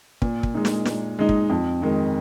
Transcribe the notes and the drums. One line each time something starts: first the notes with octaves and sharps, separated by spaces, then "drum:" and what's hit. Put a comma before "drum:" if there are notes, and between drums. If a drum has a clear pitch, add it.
A#2, drum: kick
drum: kick
G#3 D#4
drum: snare
A#2, drum: snare
G#3 D#4
drum: kick
F2
D#3 G#3 D#4